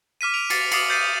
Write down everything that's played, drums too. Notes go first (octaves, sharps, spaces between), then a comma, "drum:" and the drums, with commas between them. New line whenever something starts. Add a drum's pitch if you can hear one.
D6 F6 B6 D#7
D7 F7
D6 A6 C7 C#7, drum: cymbal
D6 D#6 A6 C7 C#7 F#7, drum: cymbal
G6 A6 C7 C#7 D#7